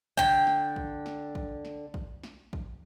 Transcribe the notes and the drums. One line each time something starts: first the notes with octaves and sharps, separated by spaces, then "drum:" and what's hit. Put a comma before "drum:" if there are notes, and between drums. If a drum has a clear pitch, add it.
D3 G5, drum: kick
drum: snare
drum: kick
drum: snare
drum: kick
drum: snare
drum: kick
drum: snare
drum: kick